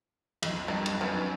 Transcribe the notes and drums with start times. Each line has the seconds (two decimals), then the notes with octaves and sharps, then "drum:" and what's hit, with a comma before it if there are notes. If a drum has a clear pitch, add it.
0.42 B1 F2, drum: cymbal
0.68 G2 A#3
0.86 drum: cymbal
1.01 F#2 D#3 B3